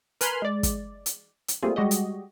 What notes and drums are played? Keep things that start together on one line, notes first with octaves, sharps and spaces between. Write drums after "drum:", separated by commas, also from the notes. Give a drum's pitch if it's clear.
A#4 B4 G#5 B5 C6 F6, drum: hi-hat
G#3 D5
drum: kick, hi-hat
drum: hi-hat
drum: hi-hat
G3 A3 A#3 C4 F4 G#4
G3 G#3 F#4 G4 D#5
drum: hi-hat